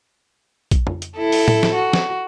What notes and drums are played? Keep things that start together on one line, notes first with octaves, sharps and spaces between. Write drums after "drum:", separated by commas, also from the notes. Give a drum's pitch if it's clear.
drum: kick A#1, hi-hat
drum: tom
drum: hi-hat
E4 A4
drum: open hi-hat
drum: tom A2
drum: snare
F#4
drum: snare